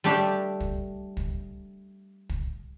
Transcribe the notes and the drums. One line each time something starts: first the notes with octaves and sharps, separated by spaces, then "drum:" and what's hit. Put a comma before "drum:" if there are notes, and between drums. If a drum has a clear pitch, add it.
G3 A3 D4 G4
drum: kick
drum: kick
drum: kick